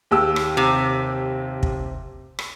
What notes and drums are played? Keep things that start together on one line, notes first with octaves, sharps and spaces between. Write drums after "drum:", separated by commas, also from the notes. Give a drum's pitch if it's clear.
D#2 G4 E6
drum: rim click
C3
drum: kick
drum: rim click